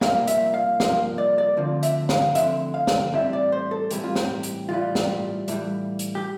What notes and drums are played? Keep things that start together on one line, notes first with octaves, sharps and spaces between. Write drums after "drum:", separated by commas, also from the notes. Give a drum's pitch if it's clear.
C2 A#2 F3 A#3 F5, drum: snare
E5, drum: hi-hat
F5
C2 A#2 F3 A#3 F5, drum: snare
D5
D5
D2 D3 F3 C4
E5, drum: hi-hat
F5, drum: snare
D2 D3 F3 C4 E5, drum: hi-hat
F5
drum: snare
A2 E3 G3 C4 E5
D5
C5
A4
A2 E3 G3 C4 G4, drum: hi-hat
F4
G4, drum: snare
drum: hi-hat
A2 E3 G3 F4
drum: snare
A2 E3 G3, drum: hi-hat
drum: hi-hat
G4